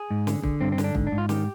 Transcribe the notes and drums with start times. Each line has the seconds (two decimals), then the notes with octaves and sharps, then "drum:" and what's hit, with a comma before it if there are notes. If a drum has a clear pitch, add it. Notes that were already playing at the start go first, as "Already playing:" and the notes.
Already playing: G#4
0.11 G#2
0.27 D3, drum: snare
0.44 D3, drum: kick
0.61 G2 C4
0.72 C4
0.78 D3, drum: snare
0.84 D4
0.95 G#2, drum: kick
1.07 D4
1.12 G#2
1.18 F4
1.29 D#3 G4, drum: snare